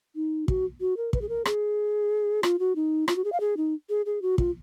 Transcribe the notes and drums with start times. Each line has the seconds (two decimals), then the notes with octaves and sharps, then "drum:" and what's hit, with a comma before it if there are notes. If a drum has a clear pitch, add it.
0.16 D#4
0.48 F#4, drum: kick
0.81 F#4
0.97 A#4
1.13 B4, drum: kick
1.21 G#4
1.29 A#4
1.45 G#4, drum: rim click
2.43 F4, drum: rim click
2.59 F#4
2.76 D#4
3.08 F4, drum: rim click
3.16 F#4
3.24 G#4
3.32 F5
3.40 G#4
3.57 D#4
3.89 G#4
4.06 G#4
4.22 F#4
4.38 F4, drum: kick